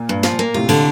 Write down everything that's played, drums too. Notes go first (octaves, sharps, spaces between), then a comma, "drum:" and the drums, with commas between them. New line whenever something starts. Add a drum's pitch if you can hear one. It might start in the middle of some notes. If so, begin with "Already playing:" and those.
Already playing: A#2
G2
F3, drum: snare
A#3
A2 C3 F4
D3, drum: cymbal